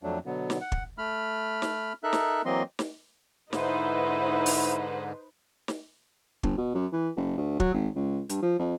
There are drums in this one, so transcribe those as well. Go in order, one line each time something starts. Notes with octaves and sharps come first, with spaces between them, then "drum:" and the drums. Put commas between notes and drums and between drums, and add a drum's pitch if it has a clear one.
F2 F#3 A3 D4
B2 D3 F#3 B3
drum: snare
F#5
drum: kick
A3 B5 F6
drum: snare
D#4 A4 A#4 E5 F#6
drum: snare
E3 F#3 A#3 C4 D#5 C6
drum: snare
G#2 D3 D#4 E4 B4 C5, drum: snare
drum: open hi-hat
drum: snare
G1, drum: kick
B2
F#2
E3
F#1
D2
F#3, drum: kick
G#1
C#2
G2, drum: hi-hat
F3
F2